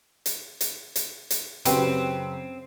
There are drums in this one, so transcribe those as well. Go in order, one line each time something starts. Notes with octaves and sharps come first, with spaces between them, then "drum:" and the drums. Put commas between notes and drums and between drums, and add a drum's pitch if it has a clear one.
drum: hi-hat
drum: hi-hat
drum: hi-hat
drum: hi-hat
F#2 C#3 C4 F#4 G4 B4, drum: hi-hat